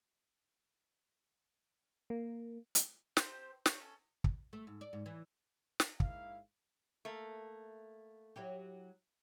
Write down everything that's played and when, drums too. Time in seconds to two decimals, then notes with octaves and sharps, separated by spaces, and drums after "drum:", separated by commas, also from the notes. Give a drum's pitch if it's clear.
2.10 A#3
2.75 drum: hi-hat
3.17 C4 G4 C5, drum: snare
3.66 G4 C#5, drum: snare
3.80 C#4 A4
4.24 drum: kick
4.53 A3
4.67 G#2
4.81 D5
4.93 G#2
5.06 E3
5.80 drum: snare
6.00 G#2 A#3 E4 F5, drum: kick
7.05 A3 A#3
8.36 F#3 E4 G4